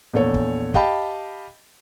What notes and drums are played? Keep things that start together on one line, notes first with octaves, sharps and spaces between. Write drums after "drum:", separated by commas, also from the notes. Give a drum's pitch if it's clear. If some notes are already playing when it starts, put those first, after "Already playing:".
A#1 E2 A4 C#5
drum: kick
G4 D#5 F5 G5 A5 B5, drum: kick